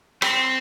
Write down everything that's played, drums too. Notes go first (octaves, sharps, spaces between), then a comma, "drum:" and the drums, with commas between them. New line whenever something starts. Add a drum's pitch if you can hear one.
C4, drum: rim click